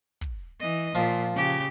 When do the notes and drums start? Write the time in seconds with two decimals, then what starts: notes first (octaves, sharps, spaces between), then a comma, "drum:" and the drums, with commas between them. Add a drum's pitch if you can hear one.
0.21 drum: kick, hi-hat
0.60 E3 D#5, drum: hi-hat
0.95 A#2 F3
1.34 C#3 G4